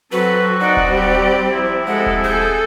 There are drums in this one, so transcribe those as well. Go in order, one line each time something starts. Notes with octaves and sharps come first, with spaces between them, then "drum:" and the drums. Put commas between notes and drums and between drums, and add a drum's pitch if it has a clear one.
F#3 C4 F#4 A4 B4
D#4 D5 F#5
drum: kick D#1
G3 G4
C3 F3 E4
G#3 A4 F#5
drum: kick D#1
G#4 A4 G6